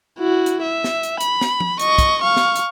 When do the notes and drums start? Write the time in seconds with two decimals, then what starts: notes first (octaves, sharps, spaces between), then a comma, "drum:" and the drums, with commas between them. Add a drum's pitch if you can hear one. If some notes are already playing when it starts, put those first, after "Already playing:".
0.19 E4 F#4
0.46 drum: hi-hat
0.62 E5
0.84 drum: snare
1.03 drum: hi-hat
1.21 B5, drum: hi-hat
1.41 drum: snare
1.60 drum: tom F3
1.79 D#5 C#6, drum: hi-hat
1.99 drum: kick, hi-hat
2.21 F5 C#6
2.37 drum: snare
2.56 drum: hi-hat